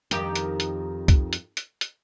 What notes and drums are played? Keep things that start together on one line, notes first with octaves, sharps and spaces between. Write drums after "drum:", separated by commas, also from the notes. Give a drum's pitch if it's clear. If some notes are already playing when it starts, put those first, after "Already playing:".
F2 D#3 G4, drum: hi-hat
drum: hi-hat
drum: hi-hat
drum: kick, hi-hat
drum: hi-hat
drum: hi-hat
drum: hi-hat